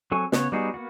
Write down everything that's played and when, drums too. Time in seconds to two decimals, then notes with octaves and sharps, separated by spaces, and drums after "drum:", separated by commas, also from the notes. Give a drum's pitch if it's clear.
0.12 F#3 C4 A4 G#5 C#6
0.32 C#3 B3 C#5, drum: snare
0.52 G3 B3 D#4 F#4 G#4
0.74 A#3 B3 F#4